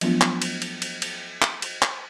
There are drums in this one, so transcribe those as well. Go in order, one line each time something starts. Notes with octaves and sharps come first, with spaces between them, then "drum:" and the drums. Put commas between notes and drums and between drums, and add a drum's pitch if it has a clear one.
F3 F#3 A3 B3 D4 F4, drum: cymbal
drum: clap
drum: cymbal
drum: cymbal
drum: cymbal
drum: cymbal
drum: clap
drum: cymbal
drum: clap